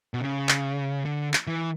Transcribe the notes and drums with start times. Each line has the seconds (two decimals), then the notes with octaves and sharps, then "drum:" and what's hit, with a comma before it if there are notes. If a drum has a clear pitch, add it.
0.14 B2
0.21 C#3
0.49 drum: clap
1.05 D3
1.34 drum: clap
1.47 E3